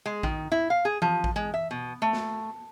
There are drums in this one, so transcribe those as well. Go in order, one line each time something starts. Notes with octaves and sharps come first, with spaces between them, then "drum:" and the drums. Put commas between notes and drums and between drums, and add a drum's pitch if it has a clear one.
G#3
D#3, drum: kick A1
E4
F5
G#4
F3, drum: tom E3
drum: kick A1
G#3
E5
B2
A3
drum: snare A#3